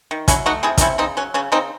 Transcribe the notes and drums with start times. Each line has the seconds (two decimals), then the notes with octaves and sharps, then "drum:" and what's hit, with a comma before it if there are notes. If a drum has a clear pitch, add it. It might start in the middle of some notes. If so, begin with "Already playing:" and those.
0.11 D#3
0.28 F#3 C#4 E4, drum: kick, hi-hat
0.46 A3 D#4 F#4
0.63 C3 E4 G#4
0.77 D#4, drum: kick, hi-hat
0.81 C3 C#4 E4
0.98 C#3 C4 D#4
1.17 F#3 C#4
1.34 C#3 C#4
1.52 C#3 C4 D#4